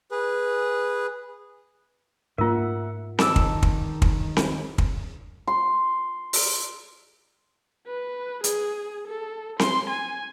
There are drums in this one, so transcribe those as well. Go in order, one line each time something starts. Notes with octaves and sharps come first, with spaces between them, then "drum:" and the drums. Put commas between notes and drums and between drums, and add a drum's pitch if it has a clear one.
G#4 B4
G#2 A3 A#3 F4 A#4 E5 F#5
D#3 D#4 A5 D6 E6, drum: snare C4
drum: kick
drum: kick
drum: kick
drum: snare C4
drum: kick
C6
drum: open hi-hat
B4
G#4, drum: hi-hat
A4
C6, drum: snare C4
G#5